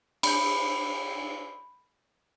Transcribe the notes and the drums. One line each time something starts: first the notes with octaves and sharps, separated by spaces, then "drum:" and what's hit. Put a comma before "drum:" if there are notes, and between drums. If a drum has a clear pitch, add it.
B5 G6, drum: cymbal